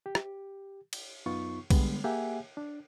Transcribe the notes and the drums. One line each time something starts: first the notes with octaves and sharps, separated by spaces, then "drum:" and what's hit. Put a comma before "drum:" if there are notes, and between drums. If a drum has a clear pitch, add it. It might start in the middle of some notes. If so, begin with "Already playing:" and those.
G4
drum: rim click
drum: cymbal
F#2 B3 D#4 F4 C#6
D3 G3 G#3 B3, drum: kick B1, cymbal
A#3 G4 G#4 E5 F#5 G#5
D4